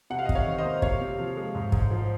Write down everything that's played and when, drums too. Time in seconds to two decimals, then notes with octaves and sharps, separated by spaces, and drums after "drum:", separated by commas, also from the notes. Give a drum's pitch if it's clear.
0.10 C3 F#5
0.19 F5
0.26 D#5 F#5
0.29 C3, drum: kick
0.35 C#5 F5
0.46 D#3
0.58 C5 D#5
0.64 A#3
0.82 C3 C#5 F5, drum: kick
1.01 C3
1.19 F3
1.37 G#3
1.55 G#2
1.72 G#2, drum: kick
1.91 F3